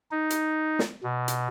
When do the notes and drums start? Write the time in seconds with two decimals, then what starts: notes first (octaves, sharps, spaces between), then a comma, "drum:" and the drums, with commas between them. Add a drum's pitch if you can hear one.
0.11 D#4
0.30 drum: hi-hat
0.79 drum: snare
1.03 B2
1.28 drum: hi-hat